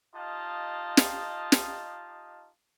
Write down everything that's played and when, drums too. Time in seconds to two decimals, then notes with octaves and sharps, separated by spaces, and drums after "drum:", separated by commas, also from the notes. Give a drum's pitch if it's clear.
0.15 D#4 F4 G4 D#5 F5 A5
0.97 drum: snare
1.52 drum: snare